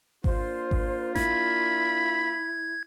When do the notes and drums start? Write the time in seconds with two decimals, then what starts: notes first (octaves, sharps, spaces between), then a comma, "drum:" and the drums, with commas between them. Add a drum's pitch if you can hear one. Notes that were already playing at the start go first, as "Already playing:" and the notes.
0.24 A#3 D4 F4 C5, drum: kick G#1
0.71 drum: kick G#1
1.15 E4 B5 G#6, drum: snare A1